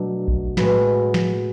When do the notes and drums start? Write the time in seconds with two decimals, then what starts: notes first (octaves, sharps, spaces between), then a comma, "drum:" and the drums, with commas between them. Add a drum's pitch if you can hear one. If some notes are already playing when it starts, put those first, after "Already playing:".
Already playing: B2 F#3 A3 D4
0.28 drum: kick A#1
0.57 A2 G#3 B3 F#4 B4, drum: snare
1.14 drum: snare